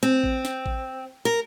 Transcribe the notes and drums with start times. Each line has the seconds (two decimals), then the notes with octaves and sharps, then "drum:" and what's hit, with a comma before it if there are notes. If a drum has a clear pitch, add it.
0.03 C4
0.24 drum: kick A1
0.45 drum: snare
0.66 drum: kick A1
1.25 A#4